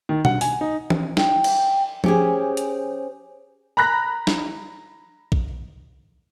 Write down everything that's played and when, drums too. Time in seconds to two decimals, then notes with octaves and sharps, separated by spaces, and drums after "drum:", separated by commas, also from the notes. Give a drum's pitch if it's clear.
0.09 D#3
0.25 F#5, drum: tom B2
0.41 G#5, drum: open hi-hat
0.61 D#4
0.90 drum: tom E3
1.17 G5, drum: snare
1.44 drum: cymbal
2.04 C#4 G4 G#4 C5, drum: tom F3
2.57 drum: hi-hat
3.77 A#5 B5 F#6 A#6
4.27 drum: snare
5.32 drum: kick A#1